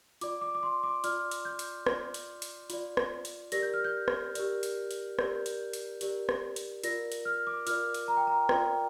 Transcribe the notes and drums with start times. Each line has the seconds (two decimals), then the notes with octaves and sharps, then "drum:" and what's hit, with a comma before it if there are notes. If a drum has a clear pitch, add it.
0.21 F4 D5 D6, drum: hi-hat
0.41 D6
0.55 D6
0.63 C6
0.83 D6
1.04 F4 D5 F6, drum: hi-hat
1.31 drum: hi-hat
1.45 G6
1.59 drum: hi-hat
1.86 F4 D5, drum: rim click
2.14 drum: hi-hat
2.42 drum: hi-hat
2.70 F4 D5, drum: hi-hat
2.97 drum: rim click
3.25 drum: hi-hat
3.52 G4 A#4 D5 A#6, drum: hi-hat
3.63 G6
3.74 F6
3.85 G6
4.08 drum: rim click
4.35 G4 A#4 D5, drum: hi-hat
4.63 drum: hi-hat
4.91 drum: hi-hat
5.19 G4 A#4 D5 G6, drum: rim click
5.46 drum: hi-hat
5.73 drum: hi-hat
6.01 G4 A#4 D5, drum: hi-hat
6.29 drum: rim click
6.56 drum: hi-hat
6.84 F4 A#4 D5 A#6, drum: hi-hat
7.12 drum: hi-hat
7.25 F6
7.47 D6
7.67 F4 A#4 D5 F6, drum: hi-hat
7.94 drum: hi-hat
8.08 A#5
8.17 G5
8.27 A#5
8.49 F4 A#4 D5 G5, drum: rim click